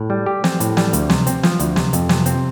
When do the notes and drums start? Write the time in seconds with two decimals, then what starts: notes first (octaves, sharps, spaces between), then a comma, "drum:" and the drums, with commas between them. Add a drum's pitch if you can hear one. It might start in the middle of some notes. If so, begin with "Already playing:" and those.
Already playing: A2
0.10 G3
0.26 G4
0.44 C4, drum: snare
0.60 A2, drum: hi-hat
0.77 G3, drum: snare
0.93 D2, drum: hi-hat
1.10 C3, drum: snare
1.27 C4, drum: hi-hat
1.43 F3, drum: snare
1.60 D2, drum: hi-hat
1.76 C3, drum: snare
1.93 F2, drum: hi-hat
2.09 C3, drum: snare
2.26 C4, drum: hi-hat